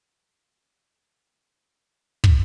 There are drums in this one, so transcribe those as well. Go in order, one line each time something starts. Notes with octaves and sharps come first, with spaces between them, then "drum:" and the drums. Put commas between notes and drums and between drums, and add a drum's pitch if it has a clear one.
C#4 B4 C5 A#5
drum: kick